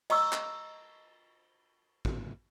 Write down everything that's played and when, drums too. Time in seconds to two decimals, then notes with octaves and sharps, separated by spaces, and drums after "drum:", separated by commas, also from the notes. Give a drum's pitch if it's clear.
0.10 D#5 A#5 C#6 E6, drum: cymbal
0.33 drum: clap
2.05 drum: kick A1